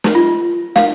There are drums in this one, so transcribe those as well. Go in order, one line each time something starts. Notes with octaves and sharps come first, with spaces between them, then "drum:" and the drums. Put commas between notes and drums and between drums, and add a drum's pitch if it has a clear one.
drum: snare
F4
F5, drum: snare